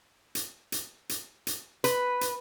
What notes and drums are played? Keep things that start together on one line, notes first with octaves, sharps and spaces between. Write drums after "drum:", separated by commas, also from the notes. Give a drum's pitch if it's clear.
drum: hi-hat
drum: hi-hat
drum: hi-hat
drum: hi-hat
B4, drum: hi-hat
drum: hi-hat